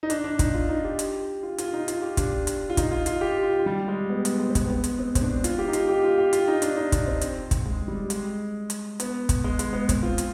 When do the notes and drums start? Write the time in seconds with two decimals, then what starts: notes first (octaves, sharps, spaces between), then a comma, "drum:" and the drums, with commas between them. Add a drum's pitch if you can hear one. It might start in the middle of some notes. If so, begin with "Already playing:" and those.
0.03 D#4
0.10 D4, drum: hi-hat
0.24 D4
0.39 D#4, drum: kick, hi-hat
0.54 F4
0.69 D#4
0.84 G4
0.99 drum: hi-hat
1.43 F4
1.58 F4, drum: hi-hat
1.73 D#4
1.88 F4, drum: hi-hat
2.02 G4
2.17 D4, drum: kick, hi-hat
2.47 drum: hi-hat
2.70 F4
2.77 D#4, drum: kick, hi-hat
2.91 F4
3.06 F4, drum: hi-hat
3.21 G4
3.43 F4
3.66 G3
3.88 G#3
4.09 B3
4.25 B3, drum: hi-hat
4.40 G#3
4.49 C4
4.55 B3, drum: kick, hi-hat
4.69 B3
4.84 G#3, drum: hi-hat
4.99 C4
5.15 C4, drum: kick, hi-hat
5.22 D4
5.44 F4, drum: hi-hat
5.59 G4
5.68 D#4
5.73 F4, drum: hi-hat
5.88 G4
6.03 F4
6.18 G4
6.33 F4, drum: hi-hat
6.48 D#4
6.62 D4, drum: hi-hat
6.77 D#4
6.92 D4, drum: kick, hi-hat
7.07 C4
7.21 drum: hi-hat
7.51 drum: kick, hi-hat
7.66 G#3
7.88 G3
8.10 G#3, drum: hi-hat
8.70 drum: hi-hat
9.00 B3, drum: hi-hat
9.29 drum: kick, hi-hat
9.44 G#3
9.59 G#3, drum: hi-hat
9.73 B3
9.89 C4, drum: kick, hi-hat
10.03 F4
10.18 drum: hi-hat